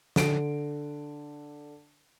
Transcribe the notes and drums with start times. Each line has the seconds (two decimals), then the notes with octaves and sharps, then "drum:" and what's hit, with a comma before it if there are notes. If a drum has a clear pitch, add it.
0.16 D3 D7, drum: snare